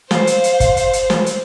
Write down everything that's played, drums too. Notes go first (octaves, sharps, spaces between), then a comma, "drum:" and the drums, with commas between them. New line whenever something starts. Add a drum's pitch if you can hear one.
C5 F5, drum: snare
drum: hi-hat
drum: hi-hat
drum: kick, hi-hat
drum: hi-hat
drum: hi-hat
drum: snare
drum: hi-hat